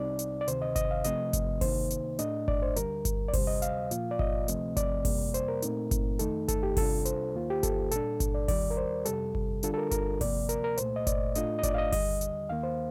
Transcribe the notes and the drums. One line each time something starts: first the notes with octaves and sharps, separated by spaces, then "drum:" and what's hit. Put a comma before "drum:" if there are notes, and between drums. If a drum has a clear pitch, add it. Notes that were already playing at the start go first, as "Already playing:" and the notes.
Already playing: C2 C3 G3 C4 D#4 D5
drum: hi-hat
D5
D2 C3 D#3 C5, drum: hi-hat
D#5
D#5, drum: kick G1, hi-hat
F5
C3 F3 A3 C4 D#5, drum: hi-hat
drum: kick G1, hi-hat
C2 C3 D#3 A#3 D#4 C5, drum: kick G1, open hi-hat
drum: hi-hat
A2 A3 D4 D#5, drum: hi-hat
D5, drum: kick G1
C5
D2 D3 G3 A#4, drum: hi-hat
drum: kick G1, hi-hat
D5
D2 C3 G3 C5, drum: kick G1, open hi-hat
D#5
F5, drum: hi-hat
A#2 F3 A#3 F4, drum: hi-hat
D5
D#5, drum: kick G1
D2 C3 F3 A3 C4, drum: hi-hat
D5, drum: kick G1, hi-hat
F2 C3 G3 A#3, drum: kick G1, open hi-hat
C5, drum: hi-hat
A#4
A#2 A3 C4 D#4, drum: hi-hat
drum: kick G1, hi-hat
F2 D#3 A3 D#4 A4, drum: hi-hat
A4, drum: kick G1, hi-hat
G4
C2 C3 G3 D4 F4 A4, drum: kick G1, open hi-hat
C5, drum: hi-hat
D#2 D#3 A#3 F4
G4
A4, drum: kick G1, hi-hat
A#2 G3 D4 A4, drum: hi-hat
drum: kick G1, hi-hat
D5
D#2 D#3 G3 D5, drum: kick G1, open hi-hat
A#4
C5
F2 C3 G3 A4, drum: hi-hat
drum: kick G1
D3 G3 D4 F4 A4, drum: hi-hat
A4
A#4
A#4, drum: kick G1, hi-hat
D2 C3 F3 A#3 D5, drum: kick G1, open hi-hat
A#4, drum: hi-hat
A#4
C2 A#2 A3 C5, drum: hi-hat
D#5
D5, drum: kick G1, hi-hat
A2 A3 D4 F4 D#5, drum: hi-hat
D#5
D5, drum: kick G1, hi-hat
F5
D#5
D#2 D3 G3 D#5, drum: kick G1, open hi-hat
drum: hi-hat
D#2 D#3 A#3 F5
C5